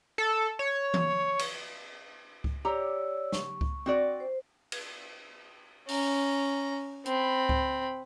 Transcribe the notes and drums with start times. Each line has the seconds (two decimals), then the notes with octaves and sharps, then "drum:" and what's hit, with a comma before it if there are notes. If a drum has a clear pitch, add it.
0.18 A4
0.59 C#5
0.94 drum: tom E3
1.39 drum: cymbal
2.44 drum: kick C#2
2.65 G4 C#5 D5 A#5 E6
3.32 C#6, drum: snare
3.61 drum: kick C#2
3.86 C4 F#4 D5
4.20 C5
4.72 drum: cymbal
5.89 C#4 A#5, drum: open hi-hat
7.06 C4 B5, drum: hi-hat
7.49 drum: kick C#2